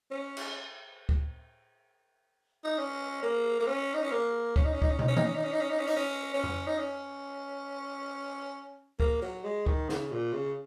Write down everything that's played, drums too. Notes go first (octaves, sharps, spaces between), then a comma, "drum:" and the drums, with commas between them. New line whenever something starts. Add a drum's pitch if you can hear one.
C#4
drum: cymbal
drum: kick
D#4
C#4
A#3
A#3
C#4
D#4
C#4
A#3
C#4, drum: kick
D#4
C#4
D#4, drum: kick
C#4
D#4, drum: tom
C#4
D#4, drum: tom D#3
C#4
D#4
C#4
D#4
C#4
D#4
C#4
D#4, drum: open hi-hat
C#4
C#4
drum: tom F2
D#4
C#4
A#3, drum: kick
F#3
G#3
D#3, drum: kick
C#3, drum: snare
A#2
C#3